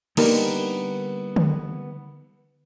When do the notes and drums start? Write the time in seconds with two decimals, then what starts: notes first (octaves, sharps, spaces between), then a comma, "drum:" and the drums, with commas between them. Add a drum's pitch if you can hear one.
0.17 D3 G3 A#3 B3 D#4 A#4, drum: cymbal
1.36 drum: tom D3